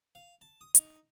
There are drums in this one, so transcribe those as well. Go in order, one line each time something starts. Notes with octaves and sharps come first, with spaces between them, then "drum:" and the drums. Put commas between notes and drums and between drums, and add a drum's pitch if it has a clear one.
F5
A5
D#6
D#4, drum: hi-hat